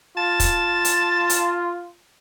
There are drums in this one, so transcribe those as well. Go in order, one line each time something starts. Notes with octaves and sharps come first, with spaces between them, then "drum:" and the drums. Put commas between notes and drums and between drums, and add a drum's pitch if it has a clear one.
F4 A5
drum: kick, hi-hat
drum: hi-hat
drum: hi-hat